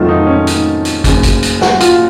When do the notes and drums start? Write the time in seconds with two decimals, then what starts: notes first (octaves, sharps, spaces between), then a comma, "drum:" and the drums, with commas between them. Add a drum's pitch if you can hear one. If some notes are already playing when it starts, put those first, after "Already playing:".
Already playing: F1 F2 D#3 F#3 A3 F4
0.08 D#4
0.27 C#4
0.47 D#4, drum: hi-hat
0.85 drum: hi-hat
1.04 F#1 F#2 C#3, drum: kick, hi-hat
1.23 drum: kick, hi-hat
1.43 drum: hi-hat
1.61 F#4, drum: snare
1.80 F4, drum: hi-hat